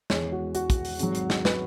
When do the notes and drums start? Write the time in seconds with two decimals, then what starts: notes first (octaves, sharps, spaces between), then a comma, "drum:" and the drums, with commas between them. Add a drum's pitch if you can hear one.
0.10 E1 E2 E3 G#3 C#5, drum: snare
0.32 F#4
0.55 F#4, drum: hi-hat
0.70 drum: kick, hi-hat
0.85 drum: open hi-hat
0.99 G#1 G#2 F#3, drum: hi-hat
1.15 drum: hi-hat
1.30 drum: snare
1.45 B4, drum: snare